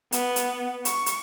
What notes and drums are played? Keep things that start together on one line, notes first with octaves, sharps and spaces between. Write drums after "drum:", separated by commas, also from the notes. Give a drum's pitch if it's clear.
B3, drum: hi-hat
drum: hi-hat
C#6, drum: hi-hat
drum: hi-hat